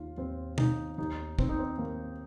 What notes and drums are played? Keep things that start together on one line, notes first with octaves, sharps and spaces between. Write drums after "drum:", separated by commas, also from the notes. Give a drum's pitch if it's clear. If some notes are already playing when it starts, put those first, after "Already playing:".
Already playing: D#2 D#3 F4
D#2 C4
D#3 D#4, drum: tom
D#2 D#4
D#3 C4, drum: kick
D#4
C4
D#2 A#3